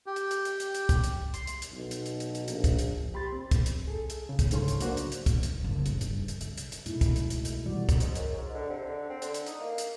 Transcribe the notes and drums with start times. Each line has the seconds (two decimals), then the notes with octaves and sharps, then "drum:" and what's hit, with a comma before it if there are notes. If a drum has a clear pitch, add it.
0.06 G4
0.16 drum: hi-hat
0.31 drum: hi-hat
0.45 drum: hi-hat
0.60 drum: hi-hat
0.75 drum: hi-hat
0.89 drum: kick, hi-hat
1.04 drum: hi-hat
1.34 C6, drum: hi-hat
1.47 drum: hi-hat
1.62 drum: hi-hat
1.72 B1
1.91 drum: hi-hat
2.06 drum: hi-hat
2.20 drum: hi-hat
2.35 drum: hi-hat
2.48 A#1, drum: hi-hat
2.64 drum: kick, hi-hat
2.79 drum: hi-hat
3.14 G4 B5 C6 A6
3.32 C4
3.51 drum: kick, hi-hat
3.66 drum: hi-hat
3.88 G#4 A4
4.10 drum: hi-hat
4.29 C#3
4.39 drum: kick, hi-hat
4.51 D2 G#2 C#3 C#4 A4 C6, drum: hi-hat
4.68 drum: hi-hat
4.80 F#3 A#3 D4 F#4 A#4 C5, drum: hi-hat
4.97 drum: hi-hat
5.12 drum: hi-hat
5.26 G#1, drum: kick, hi-hat
5.43 E1, drum: hi-hat
5.64 F#1
5.86 A#1, drum: hi-hat
6.01 G2, drum: hi-hat
6.18 E2
6.28 drum: hi-hat
6.41 C2, drum: hi-hat
6.58 drum: hi-hat
6.72 drum: hi-hat
6.86 B2 G#3 A3 D#4 E4, drum: hi-hat
7.01 drum: kick, hi-hat
7.16 drum: hi-hat
7.30 drum: hi-hat
7.45 drum: hi-hat
7.66 B2 D#3 E3 G3 F#4 D5
7.89 drum: kick, hi-hat
8.00 G#2, drum: hi-hat
8.15 F#2, drum: hi-hat
8.37 G#2
8.55 D3
8.70 C3
8.85 D3
9.10 C4
9.22 D3, drum: hi-hat
9.34 drum: hi-hat
9.47 D#4, drum: hi-hat
9.60 A#3
9.78 drum: hi-hat